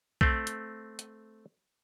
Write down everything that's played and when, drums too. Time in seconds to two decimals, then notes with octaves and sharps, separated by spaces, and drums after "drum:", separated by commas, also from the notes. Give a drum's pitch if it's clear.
0.21 A3 C4, drum: kick B1
0.47 drum: hi-hat
0.99 drum: hi-hat